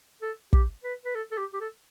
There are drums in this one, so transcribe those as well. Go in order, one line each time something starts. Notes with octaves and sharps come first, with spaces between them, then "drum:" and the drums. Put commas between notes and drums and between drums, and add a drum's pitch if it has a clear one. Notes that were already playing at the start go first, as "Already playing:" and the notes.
A4
G4, drum: kick
B4
B4
A4
A4
G4
G4
A4